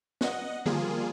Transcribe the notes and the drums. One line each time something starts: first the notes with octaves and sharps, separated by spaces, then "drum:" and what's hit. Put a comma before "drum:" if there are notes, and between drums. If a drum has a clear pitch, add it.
D#5 F#5, drum: snare
F3 G3 A#3 F4 G#4, drum: tom D3